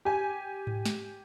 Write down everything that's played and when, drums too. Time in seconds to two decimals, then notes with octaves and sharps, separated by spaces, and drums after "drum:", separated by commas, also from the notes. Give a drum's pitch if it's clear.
0.05 G4 G#5
0.67 drum: tom G#2
0.86 drum: snare